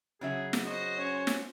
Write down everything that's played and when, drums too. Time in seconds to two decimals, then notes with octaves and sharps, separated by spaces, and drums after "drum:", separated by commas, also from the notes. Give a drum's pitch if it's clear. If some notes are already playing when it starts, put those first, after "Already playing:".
0.21 C#3 F#3 G#4 E5
0.53 drum: snare
0.64 F#4 C5 D#5
0.99 C#4 C#5
1.27 drum: snare